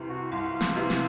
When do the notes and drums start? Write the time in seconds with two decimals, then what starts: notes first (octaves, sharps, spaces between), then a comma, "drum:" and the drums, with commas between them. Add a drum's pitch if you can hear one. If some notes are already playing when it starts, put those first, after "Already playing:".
Already playing: C2 C3 E3
0.09 F#4
0.32 C2 F4
0.61 drum: snare
0.76 C3 E3
0.90 drum: snare